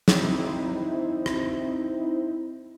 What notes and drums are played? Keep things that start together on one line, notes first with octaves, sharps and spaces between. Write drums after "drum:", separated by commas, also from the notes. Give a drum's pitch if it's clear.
C4 D#4 E4 C5, drum: snare
drum: rim click